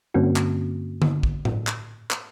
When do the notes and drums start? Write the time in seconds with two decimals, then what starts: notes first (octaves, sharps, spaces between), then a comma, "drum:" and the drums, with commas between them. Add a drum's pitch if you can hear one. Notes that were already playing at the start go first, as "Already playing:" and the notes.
0.14 G2 D3 A#3 C4 C#4 F#4
0.36 drum: clap
1.02 drum: tom D3
1.23 drum: kick
1.45 drum: tom A2
1.67 drum: clap
2.11 drum: clap